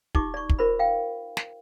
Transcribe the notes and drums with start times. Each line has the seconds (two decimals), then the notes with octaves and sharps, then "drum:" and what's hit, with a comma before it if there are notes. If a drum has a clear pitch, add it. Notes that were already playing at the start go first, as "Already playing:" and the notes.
0.15 D#4 F4 G4 C#6 D6, drum: kick
0.34 D5 C#6
0.49 drum: kick
0.59 F4 A#4 C5 B5
0.79 F5 G5
1.37 drum: snare